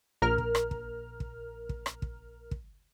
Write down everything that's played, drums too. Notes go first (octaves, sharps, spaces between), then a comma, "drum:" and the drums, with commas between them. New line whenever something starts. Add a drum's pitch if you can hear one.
A#1 A#4 F6
drum: kick
drum: rim click
drum: kick
drum: kick
drum: kick
drum: rim click
drum: kick
drum: kick